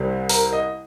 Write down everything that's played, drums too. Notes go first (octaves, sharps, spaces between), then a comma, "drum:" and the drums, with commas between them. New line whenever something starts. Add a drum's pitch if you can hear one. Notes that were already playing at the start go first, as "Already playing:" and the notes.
Already playing: C2 C3 G3
A#4, drum: open hi-hat
D#5